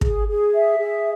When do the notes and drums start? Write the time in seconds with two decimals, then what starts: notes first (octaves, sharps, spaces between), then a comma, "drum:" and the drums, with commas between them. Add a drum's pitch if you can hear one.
0.01 G#4, drum: kick
0.27 G#4
0.53 E5
0.79 G#4